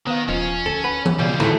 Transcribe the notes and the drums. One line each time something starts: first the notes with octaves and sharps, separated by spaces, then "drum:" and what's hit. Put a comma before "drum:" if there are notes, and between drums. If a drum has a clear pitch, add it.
D#3 B3 C5 F5
D#1 F3 C#4 D#5
D2 A4
B4 F#5
drum: tom E3
C#2 B2 G3 G#4 C#5 D5
D2 E3 A3 E4 A4, drum: tom